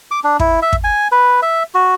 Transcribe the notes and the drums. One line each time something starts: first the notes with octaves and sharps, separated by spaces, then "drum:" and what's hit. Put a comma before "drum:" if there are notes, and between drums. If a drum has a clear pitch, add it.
D6
D4
E4, drum: kick
E5
drum: kick
G#5
B4
E5
F#4